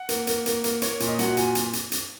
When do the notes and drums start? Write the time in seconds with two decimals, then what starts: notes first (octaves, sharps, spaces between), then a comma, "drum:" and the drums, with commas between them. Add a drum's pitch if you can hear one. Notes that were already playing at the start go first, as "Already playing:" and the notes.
Already playing: F#5
0.09 A#3, drum: hi-hat
0.27 A#3, drum: hi-hat
0.46 A#3, drum: hi-hat
0.64 A#3, drum: hi-hat
0.82 A#3 C#5, drum: hi-hat
1.00 A#2, drum: hi-hat
1.08 D#5
1.19 F#3 F#5, drum: hi-hat
1.37 A#2 G#5, drum: hi-hat
1.55 drum: hi-hat
1.73 drum: hi-hat
1.92 drum: hi-hat